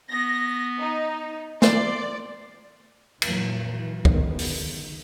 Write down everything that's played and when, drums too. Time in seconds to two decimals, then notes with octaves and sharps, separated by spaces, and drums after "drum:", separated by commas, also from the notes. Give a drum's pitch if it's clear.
0.11 B3 A#6
0.80 D#4
1.62 D5 C6, drum: snare
3.22 F2 A#2 E3 F#3 A#3, drum: cymbal
3.75 E3
4.05 F#1 D3 D#3 G#3 B3, drum: kick
4.39 D#3, drum: open hi-hat